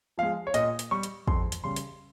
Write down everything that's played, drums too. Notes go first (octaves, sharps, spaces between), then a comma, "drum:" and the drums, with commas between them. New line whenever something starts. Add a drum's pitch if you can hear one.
F3 G#3 F5
C#5
A#2 D#5, drum: hi-hat
drum: hi-hat
G3 C#6
drum: hi-hat
F2 C6, drum: kick
drum: hi-hat
C#3 G3 C6
drum: hi-hat